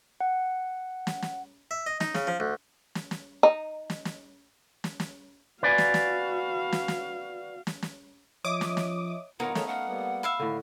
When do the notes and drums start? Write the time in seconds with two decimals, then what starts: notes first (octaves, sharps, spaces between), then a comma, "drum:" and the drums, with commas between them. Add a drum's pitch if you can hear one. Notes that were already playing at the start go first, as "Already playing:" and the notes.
0.21 F#5
1.07 drum: snare
1.22 drum: snare
1.71 E5
1.86 D#5
2.00 D#4, drum: snare
2.15 C#3, drum: snare
2.27 F3
2.40 D2
2.95 drum: snare
3.11 drum: snare
3.43 D#4
3.90 drum: snare
4.05 drum: snare
4.84 drum: snare
5.00 drum: snare
5.63 F#4 B4 D5 F5 G#5
5.78 drum: snare
5.94 drum: snare
6.72 drum: snare
6.88 drum: snare
7.67 drum: snare
7.82 drum: snare
8.45 F3 C#5 D#5 E5 D6 D#6
8.61 drum: snare
8.77 drum: snare
9.40 G2 E3 B3 D#4 F4 A#4 C#5 F#5
9.55 A3 G#4 C#5 F5, drum: snare
9.67 F5 F#5
9.86 G3 A#3 B3
10.23 E5 F5 B5
10.40 A2 D3 D#3